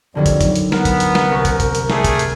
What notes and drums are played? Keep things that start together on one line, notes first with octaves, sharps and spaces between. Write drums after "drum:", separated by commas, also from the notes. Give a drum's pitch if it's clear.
F2 D3 D#3 F#3 G3
drum: kick, hi-hat
drum: kick, hi-hat
drum: hi-hat
B3 A#4, drum: snare
drum: kick, hi-hat
drum: hi-hat
drum: snare
C2 F5 C#6
drum: kick, hi-hat
drum: kick, hi-hat
drum: hi-hat
G3 A3 G#4, drum: snare
drum: kick, hi-hat
drum: hi-hat